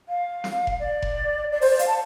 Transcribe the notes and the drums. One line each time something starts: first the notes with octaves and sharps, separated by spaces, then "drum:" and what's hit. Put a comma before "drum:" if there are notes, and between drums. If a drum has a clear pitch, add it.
F5
drum: snare
drum: kick F1
D5
drum: kick F1
D5
C5, drum: open hi-hat
D5
F5, drum: hi-hat
A5